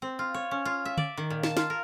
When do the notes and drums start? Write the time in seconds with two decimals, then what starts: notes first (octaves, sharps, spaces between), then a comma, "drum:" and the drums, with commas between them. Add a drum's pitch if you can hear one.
0.02 C4
0.19 F4
0.34 C#5
0.51 C#4
0.65 F4
0.85 E5
0.98 D5, drum: tom
1.17 D#3
1.30 A#2
1.43 A5, drum: snare
1.57 F4, drum: snare
1.70 A#4